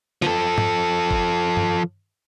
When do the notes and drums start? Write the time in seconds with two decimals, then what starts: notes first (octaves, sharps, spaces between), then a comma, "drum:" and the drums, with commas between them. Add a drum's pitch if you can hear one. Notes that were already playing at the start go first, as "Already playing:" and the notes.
0.22 F3 A4, drum: snare
0.58 drum: tom G#2
1.11 drum: kick G1
1.57 drum: tom G2